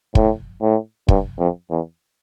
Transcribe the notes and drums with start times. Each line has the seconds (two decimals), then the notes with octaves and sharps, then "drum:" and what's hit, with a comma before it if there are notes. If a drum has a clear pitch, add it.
0.15 A2, drum: kick
0.62 A2
1.08 G2, drum: kick
1.38 F2
1.71 E2